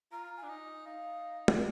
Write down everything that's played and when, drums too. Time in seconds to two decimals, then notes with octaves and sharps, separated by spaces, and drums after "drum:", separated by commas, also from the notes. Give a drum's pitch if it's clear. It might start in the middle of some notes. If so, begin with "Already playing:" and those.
0.12 F4 A#5
0.37 G#5
0.43 D4
0.49 D#4
0.86 D#4 F5
1.48 drum: tom